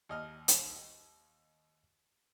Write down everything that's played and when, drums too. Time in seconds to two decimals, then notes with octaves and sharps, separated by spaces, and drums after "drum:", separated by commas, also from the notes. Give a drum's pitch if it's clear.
0.09 D#2 D#5 F6
0.48 drum: hi-hat